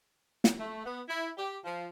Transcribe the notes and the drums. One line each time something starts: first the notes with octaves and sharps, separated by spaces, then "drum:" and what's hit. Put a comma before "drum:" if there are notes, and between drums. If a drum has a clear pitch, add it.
drum: snare
A3
B3
E4
G4
F3